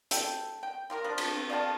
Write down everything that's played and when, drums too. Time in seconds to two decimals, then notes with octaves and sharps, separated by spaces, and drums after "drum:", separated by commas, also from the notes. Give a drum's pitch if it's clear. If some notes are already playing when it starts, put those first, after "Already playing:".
0.11 A4 G5, drum: hi-hat
0.63 G5
0.90 F4 G4 A#4
1.04 F3 G3 D4
1.18 drum: cymbal
1.50 D5 F5 G5 A5